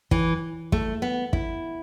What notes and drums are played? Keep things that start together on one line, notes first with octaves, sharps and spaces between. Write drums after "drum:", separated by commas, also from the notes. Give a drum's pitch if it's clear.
E3, drum: kick
A3, drum: kick
B3
E4, drum: kick